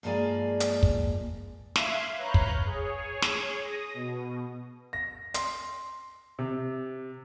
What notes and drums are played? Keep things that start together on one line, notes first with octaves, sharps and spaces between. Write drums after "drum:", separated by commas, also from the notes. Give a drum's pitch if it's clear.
G2 F3 G#3 A#3 D5 G#5
drum: hi-hat
drum: kick
E5 F5 C6 F#6 G#6, drum: snare
B4 C#5 F5 A#5 F#6 G6
drum: kick
G#4 C#5
drum: snare
D#6 A#6
B2
A#6
C6, drum: hi-hat
C3